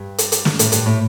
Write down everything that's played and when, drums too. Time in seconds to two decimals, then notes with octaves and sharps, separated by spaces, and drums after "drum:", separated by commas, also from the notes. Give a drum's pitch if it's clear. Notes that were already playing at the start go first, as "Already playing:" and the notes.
Already playing: G2
0.18 drum: hi-hat
0.32 drum: hi-hat
0.45 drum: snare
0.59 A2, drum: hi-hat
0.72 G2, drum: hi-hat
0.86 A2